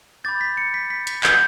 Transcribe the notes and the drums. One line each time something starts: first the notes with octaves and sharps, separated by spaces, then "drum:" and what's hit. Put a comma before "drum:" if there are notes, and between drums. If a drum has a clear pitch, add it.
B5 D6 G6 A6
B6
C#7
B6
B6
B6, drum: hi-hat
G6, drum: clap